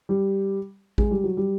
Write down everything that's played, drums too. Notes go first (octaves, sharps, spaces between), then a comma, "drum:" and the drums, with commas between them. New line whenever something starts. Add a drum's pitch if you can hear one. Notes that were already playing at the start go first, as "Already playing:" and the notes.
G3
G#3, drum: kick A1
G3
F#3
G3